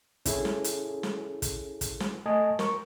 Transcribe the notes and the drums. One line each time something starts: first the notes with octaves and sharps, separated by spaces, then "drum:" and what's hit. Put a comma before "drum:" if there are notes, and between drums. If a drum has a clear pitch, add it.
C#4 E4 G#4 A4, drum: kick, hi-hat
drum: snare
drum: hi-hat
drum: snare
drum: kick, hi-hat
drum: kick, hi-hat
drum: snare
A3 D#5 G#5 A5 D#6
A#4 C#6, drum: snare